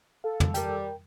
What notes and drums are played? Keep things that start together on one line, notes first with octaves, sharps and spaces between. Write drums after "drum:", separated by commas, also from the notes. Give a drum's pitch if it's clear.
A4 F5
drum: tom
G3 A#4 G5, drum: hi-hat